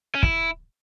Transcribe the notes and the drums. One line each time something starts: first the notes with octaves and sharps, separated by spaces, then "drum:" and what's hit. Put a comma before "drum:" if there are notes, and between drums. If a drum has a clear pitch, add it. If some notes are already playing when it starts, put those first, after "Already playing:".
C#4
E4, drum: kick